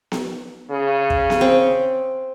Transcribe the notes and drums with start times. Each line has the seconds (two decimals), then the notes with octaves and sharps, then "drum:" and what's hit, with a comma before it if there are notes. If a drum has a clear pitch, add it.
0.12 drum: snare B3
0.71 C#3
1.10 drum: kick
1.30 drum: snare B3
1.41 C4